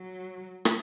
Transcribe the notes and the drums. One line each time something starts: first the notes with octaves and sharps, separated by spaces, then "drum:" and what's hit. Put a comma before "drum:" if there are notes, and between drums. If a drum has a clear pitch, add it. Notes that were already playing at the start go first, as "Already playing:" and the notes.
Already playing: F#3
drum: rim click